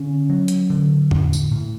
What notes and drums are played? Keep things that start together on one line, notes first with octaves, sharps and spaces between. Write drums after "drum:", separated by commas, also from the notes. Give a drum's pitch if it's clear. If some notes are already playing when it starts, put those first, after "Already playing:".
Already playing: D3 C#4
F#3
drum: hi-hat
D3
A2, drum: tom E2
drum: tambourine
A2